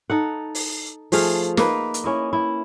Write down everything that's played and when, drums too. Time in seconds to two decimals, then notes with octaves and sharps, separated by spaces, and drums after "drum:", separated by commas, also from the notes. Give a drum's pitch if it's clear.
0.10 D#4 A4 F#5
0.55 drum: open hi-hat
1.12 F3 A3 G#4 F5, drum: open hi-hat
1.57 A#3 D#4 B4, drum: snare
1.94 drum: hi-hat
2.04 C#4 E4 D#5
2.33 E4